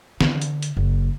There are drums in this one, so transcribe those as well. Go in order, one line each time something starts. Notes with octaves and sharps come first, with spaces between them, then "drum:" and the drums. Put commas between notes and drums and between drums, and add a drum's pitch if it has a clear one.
D3, drum: snare
drum: hi-hat
drum: hi-hat
F#1